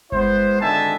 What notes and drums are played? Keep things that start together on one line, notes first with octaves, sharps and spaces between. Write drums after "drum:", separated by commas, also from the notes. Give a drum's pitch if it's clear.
G#3 B3 E4 C5, drum: kick G1
G#1 D3 D#3 E5 G#5 A5